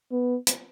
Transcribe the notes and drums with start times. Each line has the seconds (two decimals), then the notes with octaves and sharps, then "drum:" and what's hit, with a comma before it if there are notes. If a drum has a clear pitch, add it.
0.12 B3
0.47 drum: hi-hat